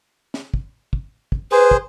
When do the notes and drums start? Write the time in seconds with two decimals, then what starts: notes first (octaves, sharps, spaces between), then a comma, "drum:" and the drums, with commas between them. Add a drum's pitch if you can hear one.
0.34 drum: snare
0.54 drum: kick
0.93 drum: kick
1.32 drum: kick
1.52 G#4 B4 C5
1.71 drum: kick